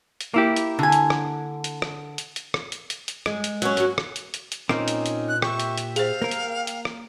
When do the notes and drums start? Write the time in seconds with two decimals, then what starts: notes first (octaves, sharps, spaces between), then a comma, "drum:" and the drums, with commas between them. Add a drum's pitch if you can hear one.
0.21 drum: hi-hat
0.34 A#3 E4 G4
0.56 drum: hi-hat
0.79 D3 G#5
0.92 drum: hi-hat
1.10 drum: rim click
1.64 drum: hi-hat
1.82 drum: rim click
2.18 drum: hi-hat
2.36 drum: hi-hat
2.54 drum: rim click
2.72 drum: hi-hat
2.90 drum: hi-hat
3.08 drum: hi-hat
3.26 G#3, drum: rim click
3.44 drum: hi-hat
3.62 F#3 C#4, drum: hi-hat
3.77 A#3 F#4, drum: hi-hat
3.98 drum: rim click
4.16 drum: hi-hat
4.34 drum: hi-hat
4.52 drum: hi-hat
4.69 A#2 A#3 C4 C#4 D#4, drum: rim click
4.88 drum: hi-hat
5.06 drum: hi-hat
5.29 F#6
5.42 G4 E5 C#6, drum: rim click
5.60 drum: hi-hat
5.78 drum: hi-hat
5.96 G#4 C5 F5, drum: hi-hat
6.22 A#3 A#4
6.31 drum: hi-hat
6.67 drum: hi-hat
6.85 drum: rim click